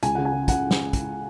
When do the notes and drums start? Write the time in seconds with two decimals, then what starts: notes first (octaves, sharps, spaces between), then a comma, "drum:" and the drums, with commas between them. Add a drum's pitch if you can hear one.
0.03 C#2 G#5, drum: hi-hat
0.15 C#3 F#5
0.25 G#5
0.32 C#3
0.48 C#3 F#5, drum: kick, hi-hat
0.71 drum: snare
0.93 drum: kick, hi-hat